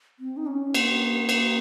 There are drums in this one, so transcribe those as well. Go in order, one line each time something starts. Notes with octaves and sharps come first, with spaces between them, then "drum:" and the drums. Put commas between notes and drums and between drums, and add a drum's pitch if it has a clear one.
C4
D#4
C#4
A#3, drum: cymbal
drum: cymbal